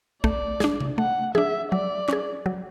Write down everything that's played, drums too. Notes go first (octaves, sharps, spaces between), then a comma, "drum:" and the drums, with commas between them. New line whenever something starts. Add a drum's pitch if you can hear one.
A3 D5, drum: kick
D4 G#4, drum: snare
drum: tom C3
A3 F#5
D4 G#4 E5, drum: tom F3
F#3 D5
C#4 G#4, drum: clap
F#3